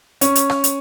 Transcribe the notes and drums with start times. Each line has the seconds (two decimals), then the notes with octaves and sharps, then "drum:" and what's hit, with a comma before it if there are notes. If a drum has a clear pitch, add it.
0.21 C#4, drum: hi-hat
0.35 drum: hi-hat
0.50 drum: rim click
0.64 drum: hi-hat